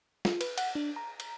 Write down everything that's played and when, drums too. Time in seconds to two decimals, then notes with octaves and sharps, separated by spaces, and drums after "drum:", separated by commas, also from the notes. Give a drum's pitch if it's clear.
0.25 F4, drum: snare
0.41 B4, drum: cymbal
0.58 F#5, drum: cymbal
0.75 D4
0.96 A#5
1.20 drum: cymbal